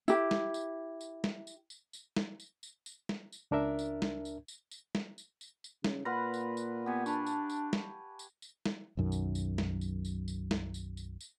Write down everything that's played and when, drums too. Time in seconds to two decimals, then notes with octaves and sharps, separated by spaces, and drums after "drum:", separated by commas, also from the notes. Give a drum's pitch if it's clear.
0.08 E4 G4, drum: tambourine
0.31 drum: snare
0.54 drum: tambourine
1.01 drum: tambourine
1.24 drum: snare
1.47 drum: tambourine
1.70 drum: tambourine
1.93 drum: tambourine
2.17 drum: snare
2.40 drum: tambourine
2.63 drum: tambourine
2.86 drum: tambourine
3.09 drum: snare
3.32 drum: tambourine
3.51 C#2 D4 A#4 E5
3.79 drum: tambourine
4.02 drum: snare
4.25 drum: tambourine
4.48 drum: tambourine
4.71 drum: tambourine
4.95 drum: snare
5.18 drum: tambourine
5.41 drum: tambourine
5.64 drum: tambourine
5.84 C#3, drum: snare
6.05 A#2 B4 F5 F#5 B5 C6 A#6
6.34 drum: tambourine
6.57 drum: tambourine
6.86 B3 G4 G#5
7.06 D4 A5 B5 C#6, drum: tambourine
7.26 drum: tambourine
7.50 drum: tambourine
7.73 drum: snare
8.19 drum: tambourine
8.42 drum: tambourine
8.66 drum: snare
8.97 B1 F#2 D#3
9.12 drum: tambourine
9.35 drum: tambourine
9.58 drum: snare
9.81 drum: tambourine
10.05 drum: tambourine
10.28 drum: tambourine
10.51 drum: snare
10.74 drum: tambourine
10.97 drum: tambourine
11.20 drum: tambourine